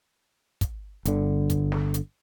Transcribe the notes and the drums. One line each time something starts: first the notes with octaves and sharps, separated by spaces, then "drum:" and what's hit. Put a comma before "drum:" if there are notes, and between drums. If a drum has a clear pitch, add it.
drum: kick, hi-hat
G1 D3, drum: hi-hat
drum: kick, hi-hat
drum: snare
drum: hi-hat